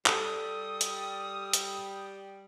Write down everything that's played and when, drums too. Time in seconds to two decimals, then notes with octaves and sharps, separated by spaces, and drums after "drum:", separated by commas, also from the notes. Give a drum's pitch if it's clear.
0.06 G3 A4 D#6, drum: clap
0.81 drum: hi-hat
1.53 drum: hi-hat